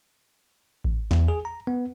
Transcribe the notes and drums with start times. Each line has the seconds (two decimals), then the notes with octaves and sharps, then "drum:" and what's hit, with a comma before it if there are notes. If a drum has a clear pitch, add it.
0.84 drum: kick A1
1.11 E2, drum: snare
1.28 G#4
1.45 A#5
1.67 B3